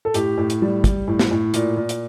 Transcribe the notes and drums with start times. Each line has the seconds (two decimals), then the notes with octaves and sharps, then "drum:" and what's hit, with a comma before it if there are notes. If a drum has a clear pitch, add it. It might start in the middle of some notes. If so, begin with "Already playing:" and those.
0.05 A4
0.14 A2 G4, drum: hi-hat
0.38 A2
0.50 drum: hi-hat
0.62 G3
0.84 G3, drum: kick, hi-hat
1.08 A2
1.19 drum: snare
1.31 A2
1.54 A#2, drum: hi-hat
1.77 A#2
1.89 drum: hi-hat